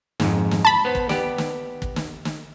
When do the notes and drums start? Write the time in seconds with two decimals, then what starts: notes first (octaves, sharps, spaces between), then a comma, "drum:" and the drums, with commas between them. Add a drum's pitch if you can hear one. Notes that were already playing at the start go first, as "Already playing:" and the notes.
0.20 F2 G#2, drum: snare
0.51 drum: snare
0.65 A5 B5
0.85 B3 C5
0.95 drum: kick
1.09 B3 G4 D5, drum: snare
1.38 drum: snare
1.82 drum: kick
1.96 drum: snare
2.25 drum: snare